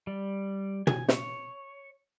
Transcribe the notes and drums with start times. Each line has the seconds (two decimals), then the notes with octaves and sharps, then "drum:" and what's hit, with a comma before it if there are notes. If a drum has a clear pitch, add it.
0.07 G3
0.87 G#5, drum: tom
1.08 C#5, drum: snare